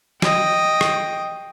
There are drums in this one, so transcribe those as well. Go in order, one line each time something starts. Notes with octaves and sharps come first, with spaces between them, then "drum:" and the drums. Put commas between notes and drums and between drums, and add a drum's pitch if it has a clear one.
D#5 G5, drum: snare
drum: rim click